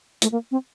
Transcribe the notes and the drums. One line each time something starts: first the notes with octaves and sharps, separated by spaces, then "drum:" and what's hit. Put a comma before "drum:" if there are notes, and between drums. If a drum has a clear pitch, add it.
A3, drum: hi-hat
A#3
C4